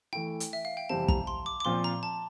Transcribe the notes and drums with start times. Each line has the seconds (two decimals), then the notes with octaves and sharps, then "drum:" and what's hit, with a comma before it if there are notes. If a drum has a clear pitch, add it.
0.13 E3 A3 E4 G5
0.40 drum: hi-hat
0.53 E5
0.65 F5
0.77 G5
0.89 F2 C3 E3 G3 C4 A5
1.08 A#5, drum: kick
1.27 C6
1.46 D6
1.60 D6
1.65 A#2 F3 C4 F4 C6
1.84 A#5
2.03 A5